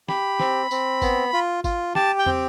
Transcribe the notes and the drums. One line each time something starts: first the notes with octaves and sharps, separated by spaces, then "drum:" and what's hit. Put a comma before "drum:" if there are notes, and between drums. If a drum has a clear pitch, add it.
G4 B5, drum: snare
C4, drum: snare
C4, drum: tambourine
B3, drum: kick G#1, tambourine
F4
F4, drum: kick G#1, tambourine
G4 A5, drum: snare
G5
C4, drum: tom